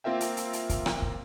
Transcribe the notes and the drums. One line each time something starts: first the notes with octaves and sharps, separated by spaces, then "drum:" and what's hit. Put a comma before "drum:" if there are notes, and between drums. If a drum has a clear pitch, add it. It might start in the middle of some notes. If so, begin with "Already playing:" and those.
A#3 C4 F4 A#4 E5 G5
drum: hi-hat
drum: hi-hat
drum: hi-hat
drum: kick, hi-hat
drum: rim click
drum: kick